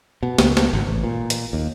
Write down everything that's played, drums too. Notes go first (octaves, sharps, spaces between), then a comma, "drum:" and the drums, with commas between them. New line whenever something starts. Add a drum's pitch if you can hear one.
B2
C#2, drum: snare
drum: snare
G#1
A1
A#2
drum: hi-hat
D#2